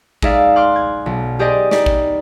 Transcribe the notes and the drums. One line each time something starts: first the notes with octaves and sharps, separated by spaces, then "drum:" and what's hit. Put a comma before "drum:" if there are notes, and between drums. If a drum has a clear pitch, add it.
G#3 D#4 G#4 D5 E5 F5, drum: kick G#1
C6 D6 F6 F#6
G#6
B1
G4 G#4 C5 D5 D#5
D#4 G4 B4 D5, drum: snare
drum: kick G#1